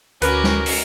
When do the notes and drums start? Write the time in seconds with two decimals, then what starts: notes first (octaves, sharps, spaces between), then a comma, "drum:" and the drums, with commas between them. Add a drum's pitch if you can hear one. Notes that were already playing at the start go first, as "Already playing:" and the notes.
0.22 D2 C#4 F#4 A#4 B4 D6, drum: hi-hat
0.44 drum: snare
0.66 drum: open hi-hat